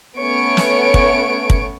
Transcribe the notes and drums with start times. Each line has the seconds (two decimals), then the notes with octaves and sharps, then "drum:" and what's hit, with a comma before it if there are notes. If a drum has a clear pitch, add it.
0.20 A3 B3 C#4 C#5 C#6 D7
0.57 drum: snare
0.94 drum: kick
1.50 drum: kick